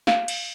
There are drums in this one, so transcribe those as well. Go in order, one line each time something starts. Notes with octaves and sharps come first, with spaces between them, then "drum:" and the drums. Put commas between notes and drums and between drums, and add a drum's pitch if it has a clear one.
F5, drum: snare
drum: cymbal